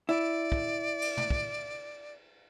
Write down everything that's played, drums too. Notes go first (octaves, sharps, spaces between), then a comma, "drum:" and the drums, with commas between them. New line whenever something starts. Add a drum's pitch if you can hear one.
E4 D5
drum: kick
drum: cymbal
drum: tom
drum: kick